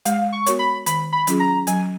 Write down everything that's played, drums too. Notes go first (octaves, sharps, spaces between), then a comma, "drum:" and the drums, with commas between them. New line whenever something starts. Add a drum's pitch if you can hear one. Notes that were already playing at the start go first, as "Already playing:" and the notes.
G#3 F5, drum: hi-hat
C#6
B3 F#4 A#4 C#5, drum: hi-hat
B5
D#3 B5, drum: hi-hat
B5
F#3 C#4 F4 G#4, drum: hi-hat
A#5
F#3 G#5, drum: hi-hat